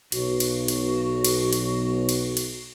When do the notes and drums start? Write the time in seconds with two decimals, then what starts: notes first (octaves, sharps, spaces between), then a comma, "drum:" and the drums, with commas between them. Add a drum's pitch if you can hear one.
0.12 B1 F#4, drum: cymbal
0.40 drum: cymbal
0.68 drum: cymbal
1.24 drum: cymbal
1.53 drum: cymbal
2.09 drum: cymbal
2.37 drum: cymbal